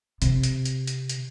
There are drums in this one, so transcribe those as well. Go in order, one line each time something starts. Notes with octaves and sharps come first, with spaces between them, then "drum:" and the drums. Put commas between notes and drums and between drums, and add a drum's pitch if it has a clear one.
C3, drum: hi-hat
drum: hi-hat
drum: hi-hat
drum: hi-hat
drum: hi-hat